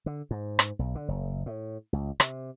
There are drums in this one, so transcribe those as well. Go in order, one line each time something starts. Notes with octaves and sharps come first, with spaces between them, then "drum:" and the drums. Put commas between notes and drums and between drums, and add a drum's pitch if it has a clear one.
D3
G#2
drum: rim click
B1
D3
F#1
A2
C#2
C3, drum: rim click